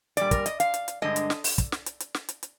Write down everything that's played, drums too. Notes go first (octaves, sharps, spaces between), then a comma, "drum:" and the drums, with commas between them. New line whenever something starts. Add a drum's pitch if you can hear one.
A#2 G3 D5, drum: hi-hat
A#4, drum: kick, hi-hat
D#5, drum: hi-hat
F5, drum: hi-hat
drum: hi-hat
drum: hi-hat
G2 D3 G#3 D#5
drum: hi-hat
drum: snare
drum: open hi-hat
drum: kick, hi-hat
drum: snare
drum: hi-hat
drum: hi-hat
drum: snare
drum: hi-hat
drum: hi-hat